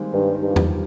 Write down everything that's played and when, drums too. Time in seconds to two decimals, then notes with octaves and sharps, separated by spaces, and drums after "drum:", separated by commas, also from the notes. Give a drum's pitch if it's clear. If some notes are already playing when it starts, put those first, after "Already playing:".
Already playing: D#3 G3 G#3 A#3 C4
0.13 G2 D#3
0.34 D#3
0.42 G2
0.50 F3
0.56 G3, drum: tom E2